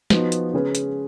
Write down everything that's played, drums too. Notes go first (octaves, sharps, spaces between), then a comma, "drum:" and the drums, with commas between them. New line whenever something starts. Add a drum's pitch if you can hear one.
F3 B3 D#4 F#4, drum: snare
drum: hi-hat
C#3 G#3 C#4 G#4 B4
drum: hi-hat